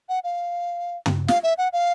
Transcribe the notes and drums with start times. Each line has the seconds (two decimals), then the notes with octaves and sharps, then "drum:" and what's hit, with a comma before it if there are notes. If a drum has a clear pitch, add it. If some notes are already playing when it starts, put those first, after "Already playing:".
0.09 F#5
0.24 F5
1.06 drum: tom
1.28 F5, drum: snare
1.43 E5
1.58 F#5
1.73 F5